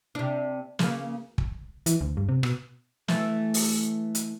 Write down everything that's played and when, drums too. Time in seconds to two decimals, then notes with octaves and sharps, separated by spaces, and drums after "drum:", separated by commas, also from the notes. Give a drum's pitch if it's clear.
0.15 C3 D4
0.79 C#3 A#3, drum: snare
1.38 drum: kick
1.86 E3, drum: hi-hat
2.01 D2
2.17 G2
2.29 C3
2.43 B2, drum: rim click
3.08 E3 A3, drum: snare
3.54 drum: open hi-hat
4.15 drum: hi-hat